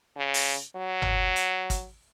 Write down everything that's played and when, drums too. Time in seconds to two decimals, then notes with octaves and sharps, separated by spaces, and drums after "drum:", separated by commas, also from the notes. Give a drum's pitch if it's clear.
0.17 C#3
0.34 drum: open hi-hat
0.76 F#3
1.02 drum: tom G1
1.36 drum: hi-hat
1.70 drum: kick G#1, hi-hat